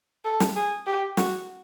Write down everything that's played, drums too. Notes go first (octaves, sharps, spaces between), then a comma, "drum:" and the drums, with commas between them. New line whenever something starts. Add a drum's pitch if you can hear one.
A4
drum: snare
G#4
G4
F#4, drum: snare